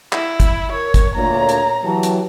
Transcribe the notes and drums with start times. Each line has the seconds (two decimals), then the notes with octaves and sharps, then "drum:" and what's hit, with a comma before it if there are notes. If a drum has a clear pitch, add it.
0.13 E4, drum: clap
0.40 drum: kick, hi-hat
0.72 A#4 C#5
0.94 drum: kick, hi-hat
1.16 D2 A#2 A#3 C#5 A#5
1.49 drum: hi-hat
1.84 E3 F#3 G4 A5
2.03 drum: hi-hat